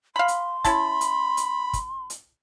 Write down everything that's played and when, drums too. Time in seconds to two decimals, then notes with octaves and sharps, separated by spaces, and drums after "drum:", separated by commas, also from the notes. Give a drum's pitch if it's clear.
0.16 F5 B5 C6
0.28 drum: hi-hat
0.64 C#4 E4 A5 B5, drum: kick, hi-hat
1.01 drum: hi-hat
1.37 drum: hi-hat
1.73 drum: kick, hi-hat
2.10 drum: hi-hat